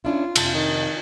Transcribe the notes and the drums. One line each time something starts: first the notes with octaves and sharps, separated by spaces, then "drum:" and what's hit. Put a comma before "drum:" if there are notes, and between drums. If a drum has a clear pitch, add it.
C#4 D4 E4 F4
F2 C3 A5, drum: cymbal
D#3